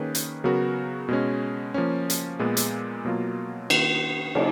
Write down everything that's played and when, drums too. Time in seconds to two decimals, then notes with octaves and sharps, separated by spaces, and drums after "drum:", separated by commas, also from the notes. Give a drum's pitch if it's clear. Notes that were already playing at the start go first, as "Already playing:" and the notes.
Already playing: D#3 A#3 C#4 G#4 B4
0.15 drum: hi-hat
0.44 C#3 F#3 B3 F#4 A#4
1.08 B2 G#3 C#4
1.74 F3 A#3 C#4
2.10 drum: hi-hat
2.39 A#2 G#3 B3
2.57 drum: hi-hat
3.05 B2 F#3 A#3 F4
3.70 D#3 A#3 F4 B4, drum: cymbal
4.35 C#3 F#3 A#3 D#4, drum: cymbal